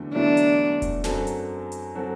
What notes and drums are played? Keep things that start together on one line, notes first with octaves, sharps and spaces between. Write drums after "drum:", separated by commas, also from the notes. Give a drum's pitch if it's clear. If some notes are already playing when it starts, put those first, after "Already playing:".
Already playing: E2 D3 F#3 A3
E2 D3 F#3 A3 D4
drum: hi-hat
drum: kick E1, hi-hat
F#2 F#3 C4 F#4 A4, drum: snare
drum: hi-hat
drum: hi-hat
F#3 C4 F#4 A4